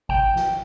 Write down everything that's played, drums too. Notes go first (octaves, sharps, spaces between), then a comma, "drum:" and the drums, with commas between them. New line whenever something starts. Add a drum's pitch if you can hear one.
G5, drum: kick G#1
drum: snare